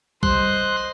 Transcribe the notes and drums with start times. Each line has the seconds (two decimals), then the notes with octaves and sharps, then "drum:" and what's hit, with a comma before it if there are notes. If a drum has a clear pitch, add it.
0.23 G3 C5 D#5 C6 F#6, drum: kick B1